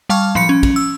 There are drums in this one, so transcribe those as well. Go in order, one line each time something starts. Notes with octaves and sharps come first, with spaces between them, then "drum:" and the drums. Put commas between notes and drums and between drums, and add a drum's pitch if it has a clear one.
G3 F5 A5 C#6 F6
F3 B5 C#7, drum: tom A2
C#4
drum: kick, cymbal
E6